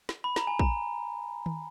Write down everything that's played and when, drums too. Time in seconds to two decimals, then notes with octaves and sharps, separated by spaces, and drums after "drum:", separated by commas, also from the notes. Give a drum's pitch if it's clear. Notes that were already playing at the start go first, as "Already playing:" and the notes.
0.09 drum: snare
0.24 B5
0.36 A#5, drum: snare
0.47 G#5
0.59 A#5, drum: kick
1.46 drum: tom D#3